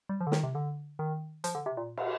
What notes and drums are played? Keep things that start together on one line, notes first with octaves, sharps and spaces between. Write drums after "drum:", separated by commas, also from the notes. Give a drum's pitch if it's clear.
G3
F3
D3
D#3, drum: snare
C3
D3
D#3
F3, drum: hi-hat
D3
C3
A#2
drum: cymbal